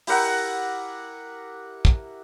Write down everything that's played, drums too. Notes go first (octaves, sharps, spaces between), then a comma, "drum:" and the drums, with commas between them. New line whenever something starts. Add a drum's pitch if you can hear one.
E4 G4 A#4 F#5, drum: open hi-hat
drum: kick